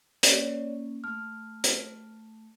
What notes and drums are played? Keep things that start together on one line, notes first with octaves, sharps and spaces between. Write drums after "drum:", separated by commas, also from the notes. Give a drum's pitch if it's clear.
A#3 C#4 C#5 D5, drum: hi-hat
A3 F6
drum: hi-hat